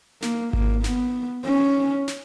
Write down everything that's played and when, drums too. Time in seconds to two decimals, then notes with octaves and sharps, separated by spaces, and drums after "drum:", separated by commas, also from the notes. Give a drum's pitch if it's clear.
0.22 A#3, drum: snare
0.53 A#3, drum: kick G#1
0.84 B3, drum: snare
1.46 C#4
2.08 drum: snare